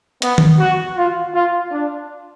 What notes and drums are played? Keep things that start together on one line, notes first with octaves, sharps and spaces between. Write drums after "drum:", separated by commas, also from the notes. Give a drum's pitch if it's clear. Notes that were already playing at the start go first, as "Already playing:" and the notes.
B3, drum: hi-hat
drum: tom D#3
F#4
F4
F4
D4